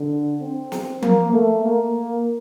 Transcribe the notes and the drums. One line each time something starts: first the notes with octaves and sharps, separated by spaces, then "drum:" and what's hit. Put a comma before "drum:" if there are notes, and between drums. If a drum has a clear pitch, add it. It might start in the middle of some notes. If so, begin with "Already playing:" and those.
Already playing: D3
C4
drum: snare
A#3, drum: tom F3
A3
A#3